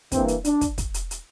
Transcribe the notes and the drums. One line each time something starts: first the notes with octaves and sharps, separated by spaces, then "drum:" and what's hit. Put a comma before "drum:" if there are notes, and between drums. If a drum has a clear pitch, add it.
G2 E3 A#3 C4, drum: kick, hi-hat
drum: hi-hat
D4, drum: hi-hat
drum: kick, hi-hat
drum: kick, hi-hat
drum: hi-hat
drum: hi-hat